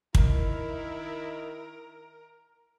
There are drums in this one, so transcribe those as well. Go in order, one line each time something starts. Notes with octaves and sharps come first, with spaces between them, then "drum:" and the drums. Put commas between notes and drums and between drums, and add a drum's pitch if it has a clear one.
D#3 E4 A#4, drum: kick